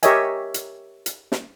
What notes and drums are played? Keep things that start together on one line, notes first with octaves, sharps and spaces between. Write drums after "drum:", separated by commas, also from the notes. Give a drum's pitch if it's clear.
G4 A#4 C#5 D#5 E5 G#5, drum: hi-hat
drum: hi-hat
drum: hi-hat
drum: snare